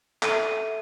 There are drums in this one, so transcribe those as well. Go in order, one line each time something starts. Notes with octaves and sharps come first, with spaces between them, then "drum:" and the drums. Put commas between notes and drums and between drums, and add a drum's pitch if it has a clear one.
A4 E5 D#7, drum: clap